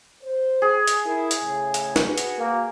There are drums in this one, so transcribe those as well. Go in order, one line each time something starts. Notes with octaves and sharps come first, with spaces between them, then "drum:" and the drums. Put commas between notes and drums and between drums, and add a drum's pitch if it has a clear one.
C5
G#4
drum: hi-hat
E4 A#4
drum: hi-hat
A2 C#3
drum: hi-hat
drum: snare
F#4 B4
drum: hi-hat
A#3